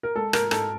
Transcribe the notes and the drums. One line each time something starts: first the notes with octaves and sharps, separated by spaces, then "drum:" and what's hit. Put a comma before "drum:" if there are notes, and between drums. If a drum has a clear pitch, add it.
A#4
G#3 A4
A#4, drum: rim click
G#2 A4, drum: rim click